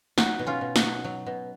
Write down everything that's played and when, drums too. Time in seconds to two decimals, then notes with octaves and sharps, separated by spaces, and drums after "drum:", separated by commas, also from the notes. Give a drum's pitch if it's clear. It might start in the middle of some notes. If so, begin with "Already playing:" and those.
0.18 F#3 D#4 F#4, drum: snare
0.39 B2
0.47 C#4 F4
0.61 B2
0.76 D#4 F#4, drum: snare
0.83 F#3
1.04 F#3
1.26 B2